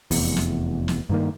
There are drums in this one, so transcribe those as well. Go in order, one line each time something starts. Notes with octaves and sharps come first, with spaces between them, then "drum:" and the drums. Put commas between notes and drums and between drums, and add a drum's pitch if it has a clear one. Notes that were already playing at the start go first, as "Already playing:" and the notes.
F1 E2, drum: open hi-hat
drum: snare
drum: snare
G2 D#3 A#3